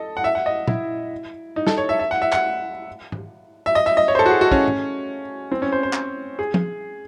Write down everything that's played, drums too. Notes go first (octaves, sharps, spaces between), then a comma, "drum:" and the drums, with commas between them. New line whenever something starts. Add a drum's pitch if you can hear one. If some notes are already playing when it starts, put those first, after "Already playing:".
Already playing: A4 D#5
F#5
E5
F#5
D#5
E4, drum: tom
D#4
A4, drum: snare
C#5
E5
E5
F#5
E5
F#5, drum: clap
drum: tom G#2
E5
D#5
E5
D#5
C#5
C5
A4
F#4
G#4
F#4
C#4, drum: kick
drum: tom G#2
C4
C#4
C5
C5
drum: clap
G#4
drum: tom